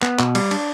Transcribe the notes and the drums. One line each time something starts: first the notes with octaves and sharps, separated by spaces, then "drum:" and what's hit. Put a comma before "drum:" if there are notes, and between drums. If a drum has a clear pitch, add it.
B3, drum: clap
B2, drum: clap
G3, drum: cymbal
D4, drum: cymbal